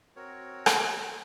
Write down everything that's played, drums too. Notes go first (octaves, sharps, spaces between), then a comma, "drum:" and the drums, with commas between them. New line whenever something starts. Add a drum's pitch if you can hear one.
C4 F#4 A#4 C#5
drum: rim click